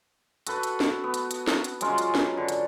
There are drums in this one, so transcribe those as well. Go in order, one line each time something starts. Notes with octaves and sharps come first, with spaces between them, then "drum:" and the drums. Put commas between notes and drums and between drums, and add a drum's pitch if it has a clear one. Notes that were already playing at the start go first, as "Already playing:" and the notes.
F#4 A4 B4, drum: hi-hat
drum: hi-hat
drum: snare
B3
drum: hi-hat
drum: hi-hat
drum: snare
drum: hi-hat
F#3 G#3 C#4 F4, drum: hi-hat
drum: hi-hat
drum: snare
D3
drum: hi-hat